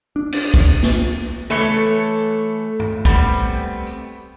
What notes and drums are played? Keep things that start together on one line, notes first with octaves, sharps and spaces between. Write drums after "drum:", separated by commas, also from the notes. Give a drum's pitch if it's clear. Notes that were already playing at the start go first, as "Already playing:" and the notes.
D4
drum: cymbal
drum: kick
drum: snare
E3 A3 A4 C#5 C#7
drum: tom G2
G3 B3 C4, drum: kick
drum: tambourine